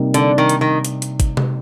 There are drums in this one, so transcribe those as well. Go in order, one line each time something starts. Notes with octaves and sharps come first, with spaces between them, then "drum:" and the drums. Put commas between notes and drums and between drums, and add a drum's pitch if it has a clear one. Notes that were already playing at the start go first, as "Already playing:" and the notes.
Already playing: C3 G3 A#3 D#4
D3, drum: hi-hat
D#3
drum: hi-hat
D#3
drum: hi-hat
drum: hi-hat
drum: kick, hi-hat
drum: tom C3